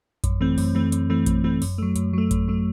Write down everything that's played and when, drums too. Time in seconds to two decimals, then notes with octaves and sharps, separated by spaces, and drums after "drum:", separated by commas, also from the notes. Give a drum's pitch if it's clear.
0.24 F#2, drum: kick A1, hi-hat
0.41 E3 A3 C4
0.58 F#2, drum: open hi-hat
0.75 E3 A3 C4
0.92 F#2, drum: hi-hat
1.10 E3 A3 C4
1.26 F#2, drum: kick A1, hi-hat
1.44 E3 A3 C4
1.62 F#2, drum: open hi-hat
1.78 F#3 A3
1.96 F#2, drum: hi-hat
2.13 F#3 A3
2.31 F#2, drum: kick A1, hi-hat
2.48 F#3 A3